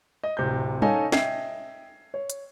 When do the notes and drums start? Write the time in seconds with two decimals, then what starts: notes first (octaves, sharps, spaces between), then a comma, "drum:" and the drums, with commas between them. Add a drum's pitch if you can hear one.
0.24 D#5
0.37 D1 C3 G6
0.82 C#4 D#4 A4 D#5 F5 G#5, drum: tom G3
1.12 D#5 E5 G5 G#6 C7, drum: snare
2.14 C#5
2.30 drum: hi-hat